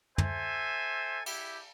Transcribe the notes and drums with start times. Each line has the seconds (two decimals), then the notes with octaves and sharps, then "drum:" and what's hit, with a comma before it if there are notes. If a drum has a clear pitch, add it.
0.18 A4 C5 E5 G#5, drum: tom
1.26 E4 G4, drum: cymbal